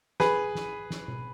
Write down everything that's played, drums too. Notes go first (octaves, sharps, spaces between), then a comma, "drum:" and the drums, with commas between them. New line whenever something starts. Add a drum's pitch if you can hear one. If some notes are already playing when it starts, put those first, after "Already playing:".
G#4 B4, drum: snare
drum: snare
drum: snare
drum: tom B2